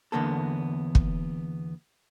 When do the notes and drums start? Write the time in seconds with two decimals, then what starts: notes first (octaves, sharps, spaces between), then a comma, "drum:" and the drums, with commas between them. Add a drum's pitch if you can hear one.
0.12 E2 D3 A#3 B3 A4
0.95 drum: kick